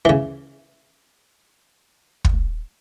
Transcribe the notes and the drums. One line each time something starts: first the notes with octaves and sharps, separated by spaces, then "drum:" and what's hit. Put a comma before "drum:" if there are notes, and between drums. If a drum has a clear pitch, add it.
C#3 E3
drum: kick